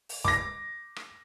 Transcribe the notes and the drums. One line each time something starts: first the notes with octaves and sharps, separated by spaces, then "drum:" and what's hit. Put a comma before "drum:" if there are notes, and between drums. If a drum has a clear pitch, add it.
drum: open hi-hat
D6 A#6, drum: kick
drum: rim click